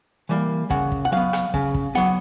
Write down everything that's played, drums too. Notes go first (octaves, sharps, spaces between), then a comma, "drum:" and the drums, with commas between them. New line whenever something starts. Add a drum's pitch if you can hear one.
E3 G3 A#3
C#3 F#5, drum: kick
drum: kick
F#5
F#3 B3 F5
drum: rim click
C#3, drum: kick
drum: kick
F#3 B3 F#5